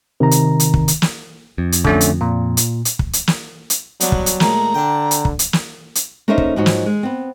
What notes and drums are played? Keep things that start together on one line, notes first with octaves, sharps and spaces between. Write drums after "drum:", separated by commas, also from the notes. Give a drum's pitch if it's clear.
C3 D#3 A#5
drum: hi-hat
drum: hi-hat
drum: kick
drum: hi-hat
drum: snare
F2
drum: hi-hat
D3 A3 C#4, drum: kick
drum: hi-hat
A#2
drum: hi-hat
drum: hi-hat
drum: kick
drum: hi-hat
drum: snare
drum: hi-hat
F#3 G3 B3 D4, drum: hi-hat
drum: kick
drum: hi-hat
A#2 G#3 A3 A#5, drum: snare
D3 D4 G5
drum: hi-hat
drum: kick
drum: hi-hat
drum: snare
drum: hi-hat
A#3 C#4 D#4 A4 C5 E5
drum: kick
G#2 F3 F#3 D#4 F#4
drum: snare
G#3
B3 C4